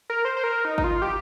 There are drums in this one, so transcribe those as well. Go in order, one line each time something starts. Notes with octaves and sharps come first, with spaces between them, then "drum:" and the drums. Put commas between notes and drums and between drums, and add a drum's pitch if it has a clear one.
A#4
C5
C5
A#4
D#4
D#4, drum: kick
F4
G4